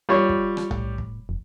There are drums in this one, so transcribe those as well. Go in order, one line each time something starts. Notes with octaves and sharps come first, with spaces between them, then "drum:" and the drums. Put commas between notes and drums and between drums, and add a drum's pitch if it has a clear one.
G3 F4 C#5
drum: kick
drum: rim click
A2, drum: tom B1
drum: kick
F1